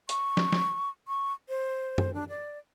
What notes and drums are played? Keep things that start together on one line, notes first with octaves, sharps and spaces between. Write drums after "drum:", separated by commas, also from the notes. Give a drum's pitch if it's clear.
C#6, drum: hi-hat
drum: snare
drum: snare
C#6
C5
drum: tom
D4
D5